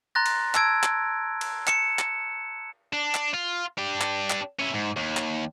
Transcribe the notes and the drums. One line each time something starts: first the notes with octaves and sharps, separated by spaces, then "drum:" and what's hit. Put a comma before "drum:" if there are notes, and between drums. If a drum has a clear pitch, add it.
A#5 C6 F#6 A6 A#6
drum: cymbal
A5 E6 G#6 D7, drum: clap
drum: clap
drum: cymbal
C#7 E7, drum: clap
drum: clap
D4
drum: clap
F4
D4 G4
drum: clap
drum: clap
C#4 E4
G#2
D#2
drum: clap